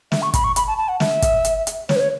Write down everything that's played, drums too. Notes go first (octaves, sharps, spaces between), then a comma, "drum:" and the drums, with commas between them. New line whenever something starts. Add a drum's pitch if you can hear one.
E5, drum: snare
C#6
B5, drum: kick, hi-hat
C#6
B5, drum: hi-hat
A5
A5
F#5
E5, drum: snare
drum: kick, hi-hat
drum: hi-hat
drum: hi-hat
C#5, drum: snare
B4
C#5